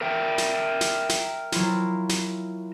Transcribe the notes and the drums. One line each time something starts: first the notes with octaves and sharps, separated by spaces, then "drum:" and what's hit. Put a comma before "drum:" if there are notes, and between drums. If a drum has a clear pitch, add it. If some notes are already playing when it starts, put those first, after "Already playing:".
A#4 E5 G5
drum: snare
drum: snare
drum: snare
F#3 E4 F4, drum: snare
drum: snare